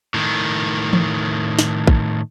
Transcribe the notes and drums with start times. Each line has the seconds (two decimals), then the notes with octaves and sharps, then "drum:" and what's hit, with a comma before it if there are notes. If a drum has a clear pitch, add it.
0.14 A2 D#3
0.93 drum: tom E3
1.59 drum: snare
1.87 drum: kick